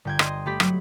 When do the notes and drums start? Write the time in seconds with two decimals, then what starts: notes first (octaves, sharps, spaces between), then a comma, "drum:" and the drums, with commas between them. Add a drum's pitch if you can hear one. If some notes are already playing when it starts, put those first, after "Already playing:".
0.05 G1 G5 G#6
0.19 D#5 C6, drum: rim click
0.46 A3 G4 B5
0.60 F#3, drum: rim click